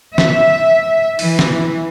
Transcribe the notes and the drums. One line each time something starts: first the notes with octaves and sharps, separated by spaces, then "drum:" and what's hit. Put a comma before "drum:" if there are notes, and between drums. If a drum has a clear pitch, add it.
E5, drum: snare
E3, drum: open hi-hat
drum: snare